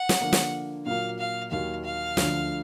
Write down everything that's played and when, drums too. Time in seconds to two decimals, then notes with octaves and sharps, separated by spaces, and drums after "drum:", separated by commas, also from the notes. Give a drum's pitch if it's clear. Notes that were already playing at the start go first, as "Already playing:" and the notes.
Already playing: F#5
0.09 drum: snare
0.21 D3 F3 A#3
0.33 drum: snare
0.86 A#2 F#3 A#3 F5
1.19 F5
1.51 D#2 D#3 F#3 F5
1.85 F5
2.17 D2 D3 F3, drum: snare